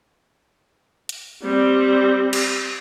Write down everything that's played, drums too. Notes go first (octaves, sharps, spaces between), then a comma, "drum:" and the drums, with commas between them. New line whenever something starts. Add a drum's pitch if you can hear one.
drum: hi-hat
G3 C4
drum: cymbal